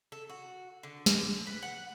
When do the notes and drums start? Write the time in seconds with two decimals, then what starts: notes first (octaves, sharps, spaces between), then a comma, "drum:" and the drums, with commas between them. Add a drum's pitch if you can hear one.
0.12 A4
0.29 F#4
0.83 D3
1.06 drum: snare
1.47 B4
1.62 F#5